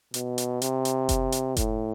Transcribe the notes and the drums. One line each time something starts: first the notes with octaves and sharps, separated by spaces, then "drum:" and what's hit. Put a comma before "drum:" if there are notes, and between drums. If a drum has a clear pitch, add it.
B2, drum: hi-hat
drum: hi-hat
C3, drum: hi-hat
drum: hi-hat
drum: kick F#1, hi-hat
drum: hi-hat
A2, drum: kick F#1, hi-hat